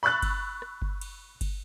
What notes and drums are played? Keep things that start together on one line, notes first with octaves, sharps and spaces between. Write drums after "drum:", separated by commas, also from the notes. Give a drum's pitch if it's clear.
B5 C#6 E6 F#6 A6
drum: kick G1, cymbal
drum: rim click
drum: kick G1
drum: cymbal
drum: kick G1, cymbal